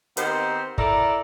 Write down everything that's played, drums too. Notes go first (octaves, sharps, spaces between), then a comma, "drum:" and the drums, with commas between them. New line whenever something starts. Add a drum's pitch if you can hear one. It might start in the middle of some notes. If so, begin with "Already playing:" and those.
D#3 B3 C4 D#4 G4 C5, drum: hi-hat
E4 A4 A#4 D5, drum: kick